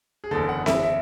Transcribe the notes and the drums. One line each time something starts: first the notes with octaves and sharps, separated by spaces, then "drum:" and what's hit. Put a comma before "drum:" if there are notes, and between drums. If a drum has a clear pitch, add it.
G#4
F#1 E2 D3 A4
F#5
E5, drum: snare C4
E5